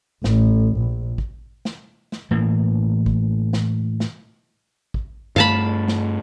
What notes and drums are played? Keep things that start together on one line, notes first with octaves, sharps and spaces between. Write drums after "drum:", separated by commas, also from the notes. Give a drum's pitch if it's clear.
A1, drum: snare
A#1
drum: kick
drum: snare
drum: snare
A2 E3 A#3
drum: kick
drum: snare
drum: snare
drum: kick
G2 A3 F5 A5 B5
drum: snare